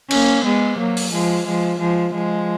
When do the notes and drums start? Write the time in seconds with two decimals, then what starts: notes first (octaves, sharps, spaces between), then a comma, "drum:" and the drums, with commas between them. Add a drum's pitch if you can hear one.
0.11 A#3 C#4, drum: cymbal
0.45 G#3 B3
0.78 F#3 A#3
0.97 drum: open hi-hat
1.12 F3 G#3
1.47 F3 G#3
1.80 F3 G#3
2.14 F3 G#3